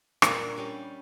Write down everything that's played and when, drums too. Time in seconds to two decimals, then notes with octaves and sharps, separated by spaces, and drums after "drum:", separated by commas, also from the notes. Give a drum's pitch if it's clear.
0.22 A#2 G3 A#3 D4 F#4, drum: rim click
0.56 G3 C#4 G4 B4